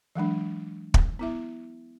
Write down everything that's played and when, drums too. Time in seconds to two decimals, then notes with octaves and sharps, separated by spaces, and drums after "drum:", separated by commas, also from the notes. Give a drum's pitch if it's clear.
0.15 E3 F#3 G#3 D4
0.94 drum: kick
1.19 B3 E4 E5